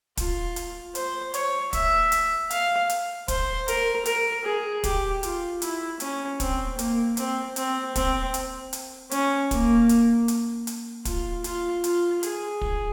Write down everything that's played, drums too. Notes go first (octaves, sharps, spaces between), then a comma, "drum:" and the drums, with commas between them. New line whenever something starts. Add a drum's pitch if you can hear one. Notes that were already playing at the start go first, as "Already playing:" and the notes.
F4, drum: kick, hi-hat
drum: hi-hat
C5, drum: hi-hat
C#5, drum: hi-hat
E5, drum: kick, hi-hat
drum: hi-hat
F5, drum: hi-hat
drum: hi-hat
C5, drum: kick, hi-hat
A#4, drum: hi-hat
A#4, drum: hi-hat
G#4
G4, drum: kick, hi-hat
F4, drum: hi-hat
E4, drum: hi-hat
C#4, drum: hi-hat
C4, drum: kick, hi-hat
A#3, drum: hi-hat
C4, drum: hi-hat
C4, drum: hi-hat
C4, drum: kick, hi-hat
drum: hi-hat
drum: hi-hat
C#4, drum: hi-hat
A#3, drum: kick, hi-hat
drum: hi-hat
drum: hi-hat
drum: hi-hat
F4, drum: kick, hi-hat
F4, drum: hi-hat
F4, drum: hi-hat
G#4, drum: hi-hat
drum: kick